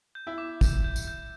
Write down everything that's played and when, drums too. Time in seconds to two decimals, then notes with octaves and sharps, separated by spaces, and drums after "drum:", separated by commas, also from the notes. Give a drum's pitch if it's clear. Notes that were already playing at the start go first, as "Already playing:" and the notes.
0.15 G6
0.27 E4 E5
0.38 D6
0.61 G6, drum: kick, tambourine
0.84 G6
0.96 drum: tambourine
1.08 G6